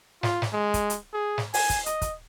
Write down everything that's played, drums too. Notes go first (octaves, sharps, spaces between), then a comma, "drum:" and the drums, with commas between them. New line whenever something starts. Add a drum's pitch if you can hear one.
F4, drum: snare
drum: snare
G#3
drum: kick, hi-hat
drum: hi-hat
G#4
drum: snare
G#5, drum: open hi-hat
drum: kick, hi-hat
D#5, drum: hi-hat
drum: kick, hi-hat